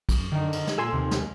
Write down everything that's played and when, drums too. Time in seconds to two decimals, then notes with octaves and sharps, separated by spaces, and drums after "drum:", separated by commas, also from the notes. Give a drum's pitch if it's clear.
0.09 F#2, drum: kick, cymbal
0.32 D3 D#3 D#4
0.53 drum: cymbal
0.67 drum: snare
0.78 A#2 A4 G#5 C6 E6
0.93 D#2 C3
1.11 drum: snare